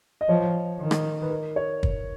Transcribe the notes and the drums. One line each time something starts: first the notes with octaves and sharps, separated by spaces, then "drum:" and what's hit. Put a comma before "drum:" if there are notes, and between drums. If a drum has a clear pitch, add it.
D#5
F3 C#5
D#3
drum: rim click
B4
A#4
C#5
drum: kick